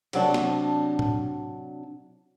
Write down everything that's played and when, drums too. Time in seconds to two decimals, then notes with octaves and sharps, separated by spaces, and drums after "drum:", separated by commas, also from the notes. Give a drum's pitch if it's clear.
0.13 C3 F#3 D4 A5, drum: cymbal
0.34 drum: snare
0.99 drum: tom A2